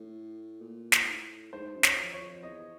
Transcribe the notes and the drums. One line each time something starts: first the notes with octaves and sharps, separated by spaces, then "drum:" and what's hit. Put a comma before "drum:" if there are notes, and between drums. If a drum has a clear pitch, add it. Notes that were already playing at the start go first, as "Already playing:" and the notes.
Already playing: A2
A#2
drum: snare
G#2
A2
G#2 C5
F#2
C#5, drum: snare
E2
F2
C#5
F2
E2 D#5